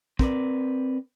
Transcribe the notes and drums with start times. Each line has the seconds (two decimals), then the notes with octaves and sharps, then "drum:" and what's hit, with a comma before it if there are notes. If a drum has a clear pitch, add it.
0.19 C4 A#4 B4 D5, drum: kick